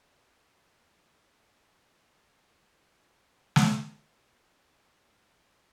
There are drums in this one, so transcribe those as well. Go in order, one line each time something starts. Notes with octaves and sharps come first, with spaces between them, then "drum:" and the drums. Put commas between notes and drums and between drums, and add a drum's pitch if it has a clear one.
D3 F3 G4 D5
A#2 D#3 A3
drum: snare
G#3 D#4 F#4 A4 B4 C5
E2 A2 G#3
D4 E4 F#4
E2 F3 F#3 F4 A4 F5